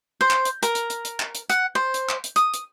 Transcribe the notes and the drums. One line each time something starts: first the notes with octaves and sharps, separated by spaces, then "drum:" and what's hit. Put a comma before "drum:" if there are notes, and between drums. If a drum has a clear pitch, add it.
C5
drum: clap
drum: hi-hat
A#4, drum: hi-hat
drum: hi-hat
drum: hi-hat
drum: hi-hat
drum: clap
drum: hi-hat
F#5, drum: hi-hat
C5
drum: hi-hat
drum: clap
drum: hi-hat
D#6, drum: hi-hat
drum: hi-hat